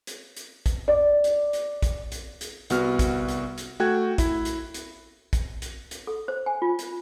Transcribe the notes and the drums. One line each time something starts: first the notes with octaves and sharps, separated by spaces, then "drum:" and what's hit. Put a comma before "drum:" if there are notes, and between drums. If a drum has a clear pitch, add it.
drum: hi-hat
drum: hi-hat
drum: kick, hi-hat
D5
drum: hi-hat
drum: hi-hat
drum: kick, hi-hat
drum: hi-hat
drum: hi-hat
C2 B3 F#4 F6, drum: hi-hat
drum: kick, hi-hat
drum: hi-hat
drum: hi-hat
A3 F#4 G5 F#6 G#6
E4, drum: kick, hi-hat
drum: hi-hat
drum: hi-hat
drum: kick, hi-hat
drum: hi-hat
drum: hi-hat
A4
C5
G#5
F4
drum: hi-hat